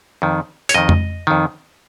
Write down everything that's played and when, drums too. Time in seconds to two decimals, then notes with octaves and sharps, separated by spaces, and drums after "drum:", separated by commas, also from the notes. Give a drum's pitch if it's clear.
0.22 F2 D#3
0.69 C#5, drum: hi-hat
0.74 F2 D#3 D#5
0.89 drum: tom F2
1.27 F2 D#3